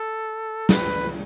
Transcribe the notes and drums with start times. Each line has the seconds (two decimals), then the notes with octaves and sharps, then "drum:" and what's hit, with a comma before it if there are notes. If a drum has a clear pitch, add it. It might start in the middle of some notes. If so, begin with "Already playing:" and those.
Already playing: A4
0.69 B4, drum: snare